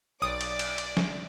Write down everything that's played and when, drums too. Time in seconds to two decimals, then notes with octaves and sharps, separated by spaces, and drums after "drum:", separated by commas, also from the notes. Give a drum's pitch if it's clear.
0.22 B1 D5 D6 D#6
0.41 drum: cymbal
0.59 drum: cymbal
0.78 drum: cymbal
0.97 drum: snare